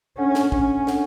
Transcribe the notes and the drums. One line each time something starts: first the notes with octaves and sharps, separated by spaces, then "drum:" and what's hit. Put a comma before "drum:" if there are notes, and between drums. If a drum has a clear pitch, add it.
C#4 D4 A4 C#5 F#5
drum: snare
C#4, drum: kick
D4 A4 C#5 F#5, drum: snare